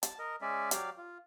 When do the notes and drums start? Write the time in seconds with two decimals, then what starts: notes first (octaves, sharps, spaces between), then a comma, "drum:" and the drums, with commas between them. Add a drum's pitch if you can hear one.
0.03 A5, drum: hi-hat
0.19 A#4 D#5
0.42 G#3 C#4 D5 E5
0.71 F#3 G4 D5 F5, drum: hi-hat
0.98 F4